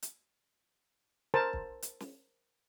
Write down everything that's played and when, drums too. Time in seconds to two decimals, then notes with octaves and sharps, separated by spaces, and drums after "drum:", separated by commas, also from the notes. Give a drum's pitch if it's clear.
0.02 drum: hi-hat
1.34 A#4 C5 A5
1.53 drum: kick
1.82 drum: hi-hat
2.00 drum: snare